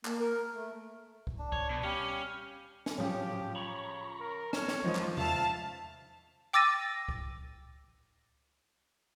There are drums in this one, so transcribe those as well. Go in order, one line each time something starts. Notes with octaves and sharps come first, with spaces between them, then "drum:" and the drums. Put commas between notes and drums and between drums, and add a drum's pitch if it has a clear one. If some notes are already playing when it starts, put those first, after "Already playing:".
A#3, drum: clap
A#4
A3
drum: kick C#2
D4
C#5, drum: kick C#2
B2
G3 C#4 G4 F5
drum: snare
A2 C#3 F3 F#3 C#4 G4
C#5 A#5 B5 C#6
A#4
C#5 A5 F6, drum: snare
drum: snare
D#3 F3 G#3 D#5
drum: clap
E2 E5 F5 A5, drum: tom C3
G5 D6 E6 A6 A#6 D#7
drum: kick C#2